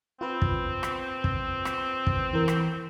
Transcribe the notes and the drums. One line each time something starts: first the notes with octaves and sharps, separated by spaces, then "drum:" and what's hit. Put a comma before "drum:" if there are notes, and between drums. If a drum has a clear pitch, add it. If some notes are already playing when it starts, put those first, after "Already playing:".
C4 F4 B4
drum: kick
drum: rim click
drum: kick
drum: rim click
drum: kick
E3 A#4
drum: rim click